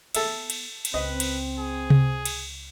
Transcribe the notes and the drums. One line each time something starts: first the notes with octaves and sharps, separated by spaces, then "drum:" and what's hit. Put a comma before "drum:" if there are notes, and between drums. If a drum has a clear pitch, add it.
B3 A4 E5, drum: cymbal
drum: cymbal
drum: cymbal
C#2 C4 B4 D#5
drum: cymbal
G#4
drum: tom C3
drum: cymbal